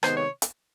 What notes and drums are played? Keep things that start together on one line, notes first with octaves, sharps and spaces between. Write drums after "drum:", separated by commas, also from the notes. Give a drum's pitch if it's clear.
C3 D#3 G#3 B3 C5, drum: rim click
C#5
drum: hi-hat